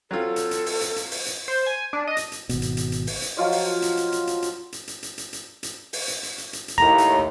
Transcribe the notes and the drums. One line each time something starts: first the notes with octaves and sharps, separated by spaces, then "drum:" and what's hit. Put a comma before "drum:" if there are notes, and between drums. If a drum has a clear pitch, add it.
F#3 C4 F4 A4
drum: hi-hat
drum: hi-hat
drum: open hi-hat
drum: hi-hat
drum: hi-hat
drum: open hi-hat
drum: hi-hat
C5
G#5
D4
D#5
drum: hi-hat
drum: hi-hat
G#1 B2, drum: hi-hat
drum: hi-hat
drum: hi-hat
drum: hi-hat
drum: open hi-hat
drum: hi-hat
F3 F#3 F4 D#5
drum: open hi-hat
drum: hi-hat
drum: hi-hat
drum: hi-hat
drum: hi-hat
drum: hi-hat
drum: hi-hat
drum: hi-hat
drum: hi-hat
drum: hi-hat
drum: hi-hat
drum: hi-hat
drum: open hi-hat
drum: hi-hat
drum: hi-hat
drum: hi-hat
drum: hi-hat
drum: hi-hat
D#2 A2 A#5
drum: hi-hat